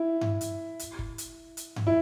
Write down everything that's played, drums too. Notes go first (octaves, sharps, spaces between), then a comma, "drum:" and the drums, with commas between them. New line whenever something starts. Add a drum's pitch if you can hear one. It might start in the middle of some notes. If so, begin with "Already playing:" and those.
Already playing: E4
drum: tom G2
drum: hi-hat
drum: hi-hat
drum: kick
drum: hi-hat
drum: hi-hat
drum: tom G2
E4